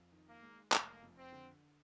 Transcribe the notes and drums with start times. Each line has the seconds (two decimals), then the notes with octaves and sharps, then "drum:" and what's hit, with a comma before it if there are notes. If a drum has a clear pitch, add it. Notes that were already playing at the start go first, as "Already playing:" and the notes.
Already playing: F2
0.12 D#3
0.28 A#3
0.43 G#3
0.72 F1 A#3, drum: clap
1.02 F2
1.17 C4
1.32 D3